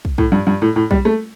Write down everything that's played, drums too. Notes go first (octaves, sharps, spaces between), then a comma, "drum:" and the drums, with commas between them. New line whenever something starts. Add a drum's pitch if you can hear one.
drum: kick
A2, drum: kick
G2
G2
A2
A2
G3, drum: kick
A3